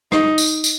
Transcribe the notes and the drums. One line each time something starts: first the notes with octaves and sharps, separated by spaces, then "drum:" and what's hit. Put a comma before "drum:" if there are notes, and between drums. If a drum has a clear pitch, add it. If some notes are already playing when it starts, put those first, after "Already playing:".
D#4, drum: rim click
drum: tambourine
drum: tambourine